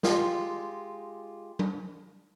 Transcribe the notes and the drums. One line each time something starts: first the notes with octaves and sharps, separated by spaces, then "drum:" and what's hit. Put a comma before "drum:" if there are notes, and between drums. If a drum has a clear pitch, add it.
G#3 F4 G4, drum: snare
drum: tom F#3